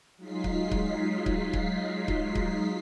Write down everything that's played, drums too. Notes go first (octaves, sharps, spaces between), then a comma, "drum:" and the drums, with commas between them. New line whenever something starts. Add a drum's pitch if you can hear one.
F#3 G#3 D#4 F4 B6 C7
drum: kick C#1
drum: kick C#1
drum: kick C#1
drum: kick C#1
drum: kick C#1
drum: kick C#1